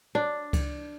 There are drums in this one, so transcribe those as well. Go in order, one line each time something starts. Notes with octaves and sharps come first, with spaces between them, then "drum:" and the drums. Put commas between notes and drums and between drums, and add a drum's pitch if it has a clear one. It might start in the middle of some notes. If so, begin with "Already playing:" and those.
D4
drum: kick C#2, cymbal